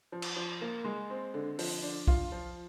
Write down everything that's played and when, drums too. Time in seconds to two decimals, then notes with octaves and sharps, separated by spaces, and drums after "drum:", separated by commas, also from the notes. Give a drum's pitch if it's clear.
0.12 F3
0.22 drum: cymbal
0.36 F3
0.61 A#3
0.84 G#3
1.10 C4
1.34 D3
1.59 F3, drum: open hi-hat
1.82 D4
2.07 F4, drum: kick B1
2.32 F3